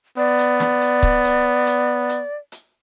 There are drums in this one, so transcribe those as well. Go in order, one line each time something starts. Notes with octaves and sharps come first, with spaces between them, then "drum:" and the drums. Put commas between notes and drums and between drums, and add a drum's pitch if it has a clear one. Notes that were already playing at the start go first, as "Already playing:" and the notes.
B3 D5
drum: hi-hat
drum: snare
drum: hi-hat
drum: kick C#1
drum: hi-hat
drum: hi-hat
drum: hi-hat
drum: hi-hat